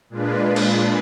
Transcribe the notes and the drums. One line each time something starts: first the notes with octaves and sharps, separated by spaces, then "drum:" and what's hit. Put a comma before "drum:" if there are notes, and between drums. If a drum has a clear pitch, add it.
A#2 G#3 D4 F4 B4
drum: cymbal